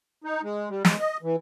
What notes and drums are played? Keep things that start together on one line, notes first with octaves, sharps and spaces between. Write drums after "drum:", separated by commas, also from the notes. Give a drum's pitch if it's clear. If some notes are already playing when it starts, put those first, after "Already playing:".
D#4
G#3
G3
G#3, drum: snare
D#5
E3